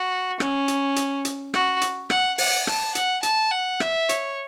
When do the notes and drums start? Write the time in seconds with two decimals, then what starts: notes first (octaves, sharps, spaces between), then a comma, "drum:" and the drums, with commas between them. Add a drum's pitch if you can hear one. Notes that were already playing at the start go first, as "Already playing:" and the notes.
Already playing: F#4
0.40 C#4, drum: rim click
0.68 drum: hi-hat
0.96 drum: hi-hat
1.25 drum: hi-hat
1.54 F#4, drum: rim click
1.81 drum: hi-hat
2.10 F#5, drum: rim click
2.38 F#5, drum: open hi-hat
2.67 A5, drum: rim click
2.95 F#5, drum: hi-hat
3.23 A5, drum: hi-hat
3.51 F#5
3.80 E5, drum: rim click
4.09 C#5, drum: hi-hat